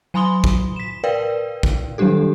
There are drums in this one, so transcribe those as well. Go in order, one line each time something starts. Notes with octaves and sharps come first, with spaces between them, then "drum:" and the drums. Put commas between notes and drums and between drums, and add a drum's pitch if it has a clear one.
F#3 G#5 B5 C6 D#6 G7
drum: kick
B6 E7
A#4 B4 D5 F5 G5
drum: kick
D#3 F#3 G3 D4 G4 A4